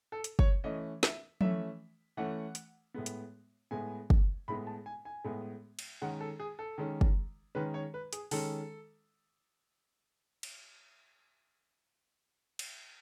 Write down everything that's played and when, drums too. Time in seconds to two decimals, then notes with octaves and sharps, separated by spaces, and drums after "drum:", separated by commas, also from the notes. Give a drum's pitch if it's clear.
0.12 A4
0.24 drum: hi-hat
0.39 C#5, drum: kick
0.64 E3 A3 C#4 D#5
1.03 E5, drum: snare
1.41 E3 A3 C#4 E5, drum: tom F3
2.17 E3 A3 C#4 F#5
2.55 drum: hi-hat
2.94 A2 G#3 B3
3.06 drum: hi-hat
3.71 A2 G#3 B3 G#5
4.10 drum: kick
4.48 A2 G#3 B3 B5
4.67 A5
4.86 G#5
5.05 G#5
5.24 A2 G#3 B3
5.79 drum: cymbal
6.02 D#3 G#3 C#4 F#5
6.20 A4
6.40 G#4
6.59 A4
6.78 D#3 G#3 C#4
7.01 drum: kick
7.55 D#3 G#3 C#4 B4
7.74 C#5
7.94 B4
8.13 G#4, drum: hi-hat
8.31 D#3 G#3 C#4 A4, drum: open hi-hat
10.43 drum: cymbal
12.59 drum: cymbal